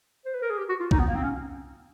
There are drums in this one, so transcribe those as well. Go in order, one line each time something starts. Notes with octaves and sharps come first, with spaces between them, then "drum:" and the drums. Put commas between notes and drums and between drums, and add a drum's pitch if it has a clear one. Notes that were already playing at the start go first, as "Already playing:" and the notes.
C5
B4
A#4
G#4
G4
F#4
F4
D#4, drum: kick B1
B3
A#3
C4
C#4